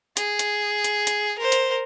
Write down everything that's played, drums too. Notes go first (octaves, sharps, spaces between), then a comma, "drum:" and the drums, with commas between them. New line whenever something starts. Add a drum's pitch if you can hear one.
G#4, drum: hi-hat
drum: hi-hat
drum: hi-hat
drum: hi-hat
A#4 C5
drum: hi-hat